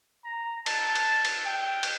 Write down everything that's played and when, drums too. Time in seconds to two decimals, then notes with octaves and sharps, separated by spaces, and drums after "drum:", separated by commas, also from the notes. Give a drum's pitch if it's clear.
0.24 A#5
0.66 A5, drum: cymbal
0.95 drum: cymbal
1.25 drum: cymbal
1.45 G5
1.83 drum: cymbal